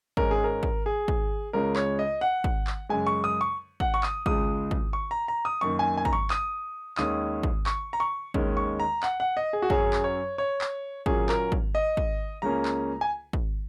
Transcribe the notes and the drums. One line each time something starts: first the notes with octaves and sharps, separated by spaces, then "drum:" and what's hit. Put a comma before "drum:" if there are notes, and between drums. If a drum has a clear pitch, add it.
G#2 G#3 C#4 A#4, drum: kick
G#4
A#4
drum: kick
G#4
drum: kick
C#2 C#3 G#3 C#4 A#4
C#5, drum: clap
D#5
F#5
drum: kick
drum: clap
F#2 C#3 G#3 G#5
C#6
D#6
C#6
F#5, drum: kick
C#6
D#6, drum: clap
C#2 C#3 G#3 D#6, drum: kick
drum: kick
C#6
A#5
A#5
D#6
F#2 D#3 A#3 C#6
G#5
G#5
A#5, drum: kick
C#6
D#6, drum: clap
D#2 D#3 G#3 C#4 D#6, drum: clap
drum: kick
C#6, drum: clap
A#5
C#6
D#2 D#3 G#3 C#4, drum: kick
C#6
A#5
F#5, drum: clap
F#5
D#5
G#4
F#4
F#2 F#3 C#4 G#4, drum: kick
drum: clap
C#5
C#5
drum: clap
A#2 F#3 A#3 C#4 G#4, drum: kick
A#4, drum: clap
drum: kick
D#5
drum: kick
C#2 C#3 A#3 C#4 A#5
drum: clap
G#5
drum: kick